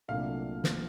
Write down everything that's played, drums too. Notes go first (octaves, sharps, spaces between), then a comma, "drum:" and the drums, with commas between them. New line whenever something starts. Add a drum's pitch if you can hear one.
C2 A#2 F#3 A3 D4 F5
drum: snare